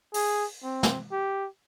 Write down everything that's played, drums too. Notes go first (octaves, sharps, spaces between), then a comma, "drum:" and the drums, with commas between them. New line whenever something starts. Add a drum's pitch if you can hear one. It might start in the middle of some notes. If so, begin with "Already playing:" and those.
G#4, drum: open hi-hat
C4
drum: snare
G4